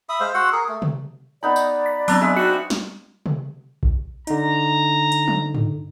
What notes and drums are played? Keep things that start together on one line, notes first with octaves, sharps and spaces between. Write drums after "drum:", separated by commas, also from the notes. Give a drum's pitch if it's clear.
E5 B5 D#6
G#3 C5 F5
F#4 F#5 C6 E6
G#4 A#4
A3
drum: tom
B3 D#4 D5 B5
drum: tambourine
B6
F#3 B3 C4 D4, drum: open hi-hat
G#3 E5
C4 D#4 F#4 C#7
drum: snare
drum: tom
drum: kick A#1
D3 D#4 A#5, drum: hi-hat
drum: hi-hat
drum: tom
drum: tom